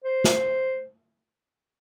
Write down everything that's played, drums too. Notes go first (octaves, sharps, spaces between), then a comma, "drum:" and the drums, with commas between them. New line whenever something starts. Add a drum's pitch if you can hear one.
C5
drum: snare